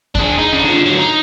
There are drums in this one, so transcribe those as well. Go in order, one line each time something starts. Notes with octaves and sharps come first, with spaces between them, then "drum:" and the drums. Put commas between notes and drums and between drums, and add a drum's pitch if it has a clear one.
D4 G#4, drum: kick E2
D#4
C#3 D4
D3 F3
D3 F#3
D#4